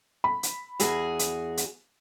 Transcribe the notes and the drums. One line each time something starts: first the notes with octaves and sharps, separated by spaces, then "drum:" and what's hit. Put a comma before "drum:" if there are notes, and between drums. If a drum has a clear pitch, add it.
B5
drum: hi-hat
E2 F#4 G#4, drum: hi-hat
drum: hi-hat
drum: hi-hat